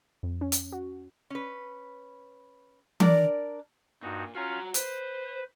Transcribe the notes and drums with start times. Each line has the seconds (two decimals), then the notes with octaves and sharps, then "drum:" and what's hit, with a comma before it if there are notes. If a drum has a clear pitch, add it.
0.23 F2
0.41 C#4
0.52 drum: hi-hat
0.72 F#4
1.30 C#4 B4
3.00 D4 A#4 D5 A#5, drum: tom E3
4.03 G2 A#2 D#4 F#4
4.35 C#4 F4 F#4 F5 A#5
4.74 B4 C5, drum: hi-hat